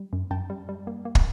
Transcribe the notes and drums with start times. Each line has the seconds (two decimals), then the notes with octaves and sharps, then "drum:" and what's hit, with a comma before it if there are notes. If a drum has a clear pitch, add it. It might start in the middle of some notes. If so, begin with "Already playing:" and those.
Already playing: G3
0.13 F#2
0.31 F#2 G5 A5
0.50 G3
0.69 G3
0.87 A#3
1.05 A#3
1.15 drum: kick